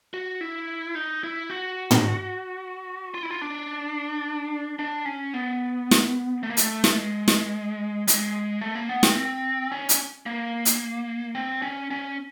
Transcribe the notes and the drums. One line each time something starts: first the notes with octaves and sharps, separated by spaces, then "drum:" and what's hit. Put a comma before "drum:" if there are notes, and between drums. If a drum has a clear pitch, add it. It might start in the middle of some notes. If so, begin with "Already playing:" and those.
F#4
E4
D#4
E4
F#4
drum: tom
F4
E4
F4
D4
D4
C#4
B3
drum: snare
A3
A#3
A3, drum: hi-hat
drum: snare
G#3
drum: snare
G#3, drum: hi-hat
A3
A#3
B3
C4, drum: snare
C4
C#4
drum: hi-hat
A#3
drum: hi-hat
C4
C#4
C#4